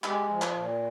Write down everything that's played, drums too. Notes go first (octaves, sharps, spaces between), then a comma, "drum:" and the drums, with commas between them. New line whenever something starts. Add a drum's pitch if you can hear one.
G#3 G4, drum: clap
F3
drum: clap
A#2